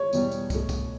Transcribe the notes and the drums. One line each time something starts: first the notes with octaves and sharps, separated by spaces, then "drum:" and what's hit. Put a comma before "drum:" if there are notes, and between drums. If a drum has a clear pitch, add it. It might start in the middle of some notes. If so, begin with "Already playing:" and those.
Already playing: C#5
E2 B2 G3, drum: tambourine
drum: tambourine
B2 A3, drum: kick, tambourine
drum: kick, tambourine